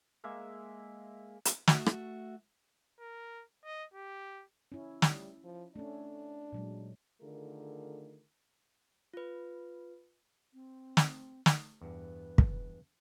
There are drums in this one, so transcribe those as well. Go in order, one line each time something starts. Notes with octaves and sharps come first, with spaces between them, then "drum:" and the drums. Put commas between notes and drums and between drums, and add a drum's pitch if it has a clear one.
G#3 A#3 E5
drum: hi-hat
A3 F#4 E5, drum: snare
drum: rim click
A#4
D#5
G4
C#4 E4
G3, drum: snare
F3
A3 C#4 D4
A#2 F#3 G#3
D3 D#3 A3 F4 G#4 A#4
F4 B4
C4
drum: snare
drum: snare
E2 G2 B4
drum: kick